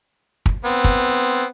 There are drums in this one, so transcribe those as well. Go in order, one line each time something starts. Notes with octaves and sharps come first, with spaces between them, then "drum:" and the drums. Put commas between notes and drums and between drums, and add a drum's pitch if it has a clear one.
drum: kick
B3 C4
drum: kick